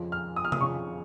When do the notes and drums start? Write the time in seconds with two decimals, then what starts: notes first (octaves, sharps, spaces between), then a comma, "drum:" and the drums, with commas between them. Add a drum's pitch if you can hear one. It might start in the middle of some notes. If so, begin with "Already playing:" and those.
Already playing: F2 C#3 F3
0.12 F6
0.36 D#6
0.44 F6
0.52 D#6, drum: tom C3
0.61 F2 C#3 F3 C#6